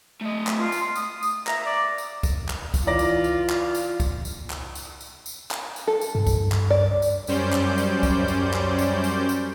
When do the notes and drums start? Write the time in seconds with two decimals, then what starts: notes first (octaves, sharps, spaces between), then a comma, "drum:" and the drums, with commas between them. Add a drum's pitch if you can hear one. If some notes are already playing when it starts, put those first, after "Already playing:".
0.21 A3 D#5
0.47 drum: clap
0.56 F4
0.72 drum: tambourine
0.96 D#6, drum: tambourine
1.23 drum: tambourine
1.47 E5 A#5, drum: clap
1.66 D5
1.98 drum: tambourine
2.23 drum: kick C2, tambourine
2.49 drum: clap
2.74 drum: kick C2, tambourine
2.87 E3 F4 D5 A#6
2.99 drum: tambourine
3.24 drum: tambourine
3.49 drum: clap
3.75 drum: tambourine
4.00 drum: kick C2, tambourine
4.25 drum: tambourine
4.50 drum: clap
4.75 drum: tambourine
5.01 drum: tambourine
5.26 drum: tambourine
5.51 drum: clap
5.76 drum: tambourine
5.87 A4
6.01 drum: tambourine
6.15 G2
6.27 drum: kick C2, tambourine
6.52 drum: clap
6.70 D5
7.02 drum: tambourine
7.27 F#2 G3 C#4 C5 D5 G6, drum: tambourine
7.53 drum: clap
7.78 drum: tambourine
8.03 drum: kick C2, tambourine
8.28 drum: tambourine
8.53 drum: clap
8.79 drum: tambourine
9.04 drum: tambourine
9.29 drum: tambourine